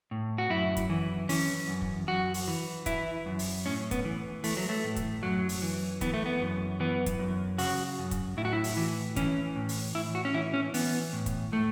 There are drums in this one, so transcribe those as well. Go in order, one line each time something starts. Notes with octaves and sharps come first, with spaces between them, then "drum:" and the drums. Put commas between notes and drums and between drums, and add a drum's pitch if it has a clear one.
A2
F#4
F#2 E4
drum: kick, hi-hat
E3
E3 C#4, drum: open hi-hat
F#2
drum: kick
F#2 F#4
drum: open hi-hat
E3
E3 E4, drum: kick, hi-hat
F#2
drum: open hi-hat
A2 C#4
B3, drum: kick, hi-hat
E3
E3 A3, drum: open hi-hat
F#3
A3
A2
drum: kick, hi-hat
F#2 F#3
drum: open hi-hat
E3
E3 B3, drum: kick, hi-hat
A3
B3
F#2
E3 B3
drum: kick, hi-hat
F#2
C#3 F#4, drum: open hi-hat
F#2
drum: kick, hi-hat
A2 E4
F#4
E4
drum: open hi-hat
E3
E3 C#4, drum: kick, hi-hat
A2
drum: open hi-hat
A2 E4
F#4
C#4
E3 E4
C#4
E3 B3, drum: open hi-hat
A2
drum: kick, hi-hat
A2 A3